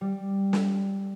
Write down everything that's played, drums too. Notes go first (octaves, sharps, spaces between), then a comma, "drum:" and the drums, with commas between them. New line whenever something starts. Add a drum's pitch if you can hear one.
G3
drum: snare